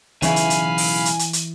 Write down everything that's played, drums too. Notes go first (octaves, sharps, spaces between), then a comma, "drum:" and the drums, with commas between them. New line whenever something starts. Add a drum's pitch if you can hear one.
B1 C#3 E3 E4 F5 G#5 B5, drum: hi-hat
drum: hi-hat
drum: hi-hat
drum: open hi-hat
drum: hi-hat
drum: hi-hat
drum: hi-hat